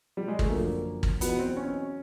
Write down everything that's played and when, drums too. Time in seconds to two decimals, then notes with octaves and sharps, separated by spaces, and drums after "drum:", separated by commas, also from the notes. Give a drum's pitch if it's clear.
0.17 G3
0.28 G#3
0.39 A3, drum: kick G#1
0.50 F#2 D3 F3 A#3
1.03 drum: kick G#1
1.21 E2 B2 F#3 B3, drum: hi-hat
1.39 C4
1.57 C#4